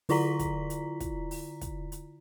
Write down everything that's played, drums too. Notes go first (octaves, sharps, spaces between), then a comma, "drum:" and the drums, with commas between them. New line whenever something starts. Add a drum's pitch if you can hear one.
D3 E4 F4 D5 A#5 B6, drum: open hi-hat
drum: kick, hi-hat
drum: hi-hat
drum: kick, hi-hat
drum: open hi-hat
drum: kick, hi-hat
drum: hi-hat